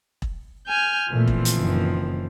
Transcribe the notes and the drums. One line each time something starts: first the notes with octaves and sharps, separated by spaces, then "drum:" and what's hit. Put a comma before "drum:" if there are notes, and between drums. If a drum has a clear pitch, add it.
drum: kick E1
G#5 F6 G6
A#2 E3 F3 A3 C4
drum: kick E1
drum: hi-hat
F#1 D#3